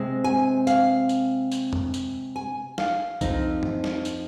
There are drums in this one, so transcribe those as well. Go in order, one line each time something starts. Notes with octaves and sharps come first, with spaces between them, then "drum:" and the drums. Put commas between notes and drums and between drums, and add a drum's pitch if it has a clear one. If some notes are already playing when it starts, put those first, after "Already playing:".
Already playing: C3 G#3 C4
G#5
F5, drum: tambourine
drum: tambourine
drum: tambourine
drum: tom F2
drum: tambourine
G#5
F5, drum: snare
F2 F3 C4 D#4, drum: kick C2, tambourine
drum: tom
drum: snare
drum: tambourine